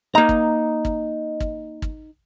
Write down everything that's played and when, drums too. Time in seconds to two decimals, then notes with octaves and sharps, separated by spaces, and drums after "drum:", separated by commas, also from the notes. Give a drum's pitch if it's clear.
0.15 A#3 D#4 A#5
0.29 drum: kick
0.85 drum: kick
1.40 drum: kick
1.82 drum: kick